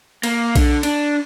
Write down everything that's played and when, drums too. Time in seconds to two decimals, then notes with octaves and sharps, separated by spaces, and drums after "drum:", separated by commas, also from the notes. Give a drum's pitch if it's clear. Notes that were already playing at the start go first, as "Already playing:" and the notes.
0.23 A#3, drum: cymbal
0.56 D3, drum: kick B1, cymbal
0.83 D4, drum: cymbal